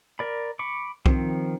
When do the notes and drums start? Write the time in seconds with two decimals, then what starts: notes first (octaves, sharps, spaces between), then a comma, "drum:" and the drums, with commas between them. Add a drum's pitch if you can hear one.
0.19 A#4 D5 B5
0.59 B5 C#6 D6
1.06 D#3 F3 C4, drum: kick